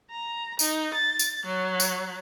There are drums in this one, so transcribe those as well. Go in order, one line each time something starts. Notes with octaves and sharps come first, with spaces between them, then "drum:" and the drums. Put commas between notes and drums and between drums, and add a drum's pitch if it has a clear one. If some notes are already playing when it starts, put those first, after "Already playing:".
A#5
D#4, drum: tambourine
A6
drum: tambourine
F#3
drum: tambourine